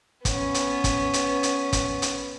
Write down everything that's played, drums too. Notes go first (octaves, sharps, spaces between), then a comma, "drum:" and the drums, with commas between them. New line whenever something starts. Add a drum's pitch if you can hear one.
B3 C#4, drum: kick, hi-hat
drum: hi-hat
drum: kick, hi-hat
drum: hi-hat
drum: hi-hat
drum: kick, hi-hat
drum: hi-hat